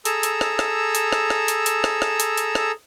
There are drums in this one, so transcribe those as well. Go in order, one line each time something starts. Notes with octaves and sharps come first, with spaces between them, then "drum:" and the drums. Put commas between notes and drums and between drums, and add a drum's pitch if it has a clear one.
G#4 A4 A#5 E6, drum: hi-hat
drum: hi-hat
drum: rim click
drum: rim click
drum: hi-hat
drum: rim click
drum: rim click
drum: hi-hat
drum: hi-hat
drum: rim click
drum: rim click
drum: hi-hat
drum: hi-hat
drum: rim click